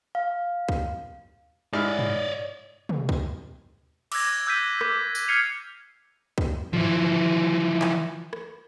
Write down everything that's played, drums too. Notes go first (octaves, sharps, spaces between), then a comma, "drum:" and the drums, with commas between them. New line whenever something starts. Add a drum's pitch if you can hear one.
F5
drum: kick
G#2 E4 C#5 D5 F6
drum: tom
drum: tom
drum: kick
D6 E6 F#6 G#6 A#6, drum: cymbal
E6 F#6 G6 A6 B6 D#7
D6 E6, drum: rim click
drum: tambourine
F6 G#6 C7 C#7 D#7 F7
drum: kick
E3 F3, drum: tom
drum: clap
drum: rim click